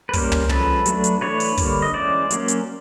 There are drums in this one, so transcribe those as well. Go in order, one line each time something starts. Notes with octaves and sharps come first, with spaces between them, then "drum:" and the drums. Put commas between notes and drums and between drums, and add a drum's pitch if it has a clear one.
B4
G3 A#3 C#4 A#4 C5, drum: kick, open hi-hat
drum: tom
F3 G#3 C#4 A4 B4, drum: tom
F#3 A3 D4, drum: hi-hat
drum: hi-hat
E3 A3 D4 B4 C#5
drum: open hi-hat
D3 G3 A#3, drum: kick, open hi-hat
D#5
E3 G#3 C#4 C5 D5
F#3 A#3 C#4, drum: hi-hat
drum: hi-hat